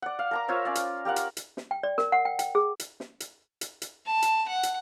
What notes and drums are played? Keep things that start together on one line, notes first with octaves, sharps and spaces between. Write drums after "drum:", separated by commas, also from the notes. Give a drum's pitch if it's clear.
D5 F#5
F5
A#4 A#5 D6
F4 C5 C#5 E5
C#4 D5 F5
drum: hi-hat
G4 A#4 F5 F#5
drum: hi-hat
drum: hi-hat
drum: snare
G5
D5
A#4, drum: snare
F#5
G5
G5, drum: hi-hat
G#4
drum: hi-hat
drum: snare
drum: hi-hat
drum: hi-hat
drum: hi-hat
A5
drum: hi-hat
F#5
drum: hi-hat